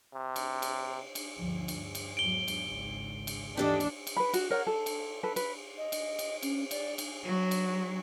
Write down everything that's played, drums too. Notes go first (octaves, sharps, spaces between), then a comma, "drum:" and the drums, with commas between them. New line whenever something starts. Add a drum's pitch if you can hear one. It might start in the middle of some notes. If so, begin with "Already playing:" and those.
C3
drum: cymbal
drum: cymbal
drum: cymbal
D2 G2 F3
G2, drum: cymbal
drum: cymbal
E2 G#2 F#3 D7 G7
drum: cymbal
G#1 C#2
drum: cymbal
D#2 G#2 E3 D4 G4 A4 D#5
drum: cymbal
drum: cymbal
B4 B5
F#4, drum: cymbal
A#4 C#5 F#5
A4
drum: cymbal
A4 B4
B4, drum: cymbal
D#5
drum: cymbal
drum: cymbal
C#4, drum: cymbal
D5, drum: cymbal
drum: cymbal
F#3
drum: cymbal